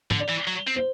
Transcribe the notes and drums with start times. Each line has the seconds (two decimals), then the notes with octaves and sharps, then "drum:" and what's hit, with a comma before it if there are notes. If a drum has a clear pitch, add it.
0.11 D3, drum: tom G#2
0.20 D5
0.29 E3
0.47 F#3
0.67 C4
0.76 C5